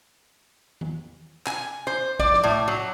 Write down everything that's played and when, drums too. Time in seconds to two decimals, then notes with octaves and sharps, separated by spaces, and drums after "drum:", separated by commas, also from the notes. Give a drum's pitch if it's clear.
0.81 drum: tom D#3
1.47 G#5, drum: clap
1.87 C5
2.19 D5, drum: kick
2.34 drum: snare
2.44 A2
2.68 F#3